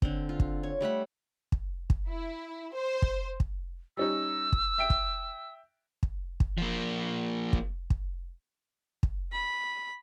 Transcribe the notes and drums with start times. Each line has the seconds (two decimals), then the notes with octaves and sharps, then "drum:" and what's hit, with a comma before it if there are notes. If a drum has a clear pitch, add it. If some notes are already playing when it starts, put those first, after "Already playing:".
0.02 D3 C4, drum: kick
0.29 F4
0.40 drum: kick
0.63 C#5
0.81 G3 A3 F#5 B5
1.52 drum: kick
1.90 drum: kick
2.08 E4
2.75 C5
3.02 drum: kick
3.40 drum: kick
3.97 G3 C#4 D#4 E6
4.53 drum: kick
4.78 E5 G5 D7
4.90 drum: kick
6.03 drum: kick
6.40 drum: kick
6.58 F3 A#3
7.53 drum: kick
7.90 drum: kick
9.03 drum: kick
9.32 B5